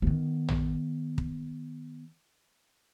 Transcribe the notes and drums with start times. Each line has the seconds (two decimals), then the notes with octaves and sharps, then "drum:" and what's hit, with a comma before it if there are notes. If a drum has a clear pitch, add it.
0.02 D#3 B3
0.48 drum: tom
1.18 drum: kick